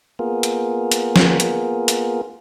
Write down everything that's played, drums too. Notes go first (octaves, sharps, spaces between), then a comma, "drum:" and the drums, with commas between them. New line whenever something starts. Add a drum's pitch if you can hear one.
A#3 B3 F4 G#4 A#4
drum: hi-hat
drum: hi-hat
drum: snare
drum: hi-hat
drum: hi-hat